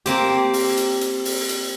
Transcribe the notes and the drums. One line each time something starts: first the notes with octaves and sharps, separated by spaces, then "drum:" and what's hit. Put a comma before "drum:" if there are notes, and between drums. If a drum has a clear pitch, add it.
A#3 C4 G4, drum: hi-hat
drum: open hi-hat
drum: hi-hat
drum: hi-hat
drum: open hi-hat
drum: hi-hat